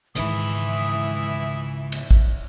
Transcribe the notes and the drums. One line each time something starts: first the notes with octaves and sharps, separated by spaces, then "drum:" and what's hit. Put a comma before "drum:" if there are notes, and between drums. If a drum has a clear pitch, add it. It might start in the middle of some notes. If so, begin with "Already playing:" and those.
C#2 G#2 D#3 E3 E4 B5 D#6, drum: hi-hat
drum: cymbal
drum: kick A1